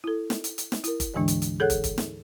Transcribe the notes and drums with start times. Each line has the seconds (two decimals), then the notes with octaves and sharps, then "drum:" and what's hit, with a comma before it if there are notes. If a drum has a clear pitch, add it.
0.04 E4 A4
0.30 drum: snare
0.44 drum: hi-hat
0.58 drum: hi-hat
0.72 drum: snare
0.84 E4 A#4, drum: hi-hat
1.00 drum: kick, hi-hat
1.14 D2 G#2 D3 E3 G#3 D4
1.28 drum: hi-hat
1.42 drum: hi-hat
1.60 G#4 A4 C#5 F#5 F#6
1.70 drum: kick, hi-hat
1.84 drum: kick, hi-hat
1.98 drum: snare